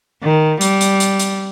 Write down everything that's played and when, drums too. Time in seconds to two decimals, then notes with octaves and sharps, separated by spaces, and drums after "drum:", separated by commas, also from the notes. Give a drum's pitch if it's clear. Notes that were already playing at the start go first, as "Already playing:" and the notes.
0.23 D#3
0.61 G3, drum: hi-hat
0.81 drum: hi-hat
1.00 drum: hi-hat
1.20 drum: hi-hat